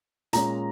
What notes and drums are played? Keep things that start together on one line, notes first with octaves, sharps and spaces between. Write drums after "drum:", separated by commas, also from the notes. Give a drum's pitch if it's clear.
A#2 G#3 C#4 A#5, drum: hi-hat